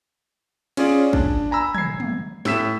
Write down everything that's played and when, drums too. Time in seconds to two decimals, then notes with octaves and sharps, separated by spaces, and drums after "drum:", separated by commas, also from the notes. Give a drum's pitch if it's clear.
0.77 C#4 F4 G#4 D5, drum: cymbal
1.13 D4, drum: kick
1.51 G#5 A#5 B5 E6
1.75 G#6 C7, drum: tom
2.00 drum: tom
2.45 A2 E6 B6 E7, drum: snare